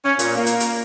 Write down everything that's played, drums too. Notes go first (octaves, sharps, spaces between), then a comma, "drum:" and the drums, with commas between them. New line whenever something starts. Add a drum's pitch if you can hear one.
C#4
A#2, drum: hi-hat
A#3
drum: hi-hat
drum: hi-hat